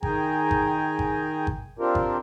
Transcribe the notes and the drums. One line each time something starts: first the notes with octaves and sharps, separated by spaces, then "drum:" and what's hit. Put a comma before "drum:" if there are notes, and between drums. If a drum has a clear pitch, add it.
D#3 G#4 G5 G#5 A#5, drum: kick G#1
drum: kick G#1
drum: kick G#1
drum: kick G#1
C4 D4 F4 G4 A#4
drum: kick G#1